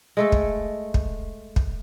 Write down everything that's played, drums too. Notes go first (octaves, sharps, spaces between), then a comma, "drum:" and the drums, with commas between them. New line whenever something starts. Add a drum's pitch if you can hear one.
G#3 A3 A4
drum: kick
drum: kick
drum: kick